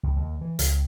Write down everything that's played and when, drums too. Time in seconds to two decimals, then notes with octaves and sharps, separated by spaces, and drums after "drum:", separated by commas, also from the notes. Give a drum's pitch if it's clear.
0.03 C#2
0.16 D#2
0.41 E3
0.59 C#2, drum: hi-hat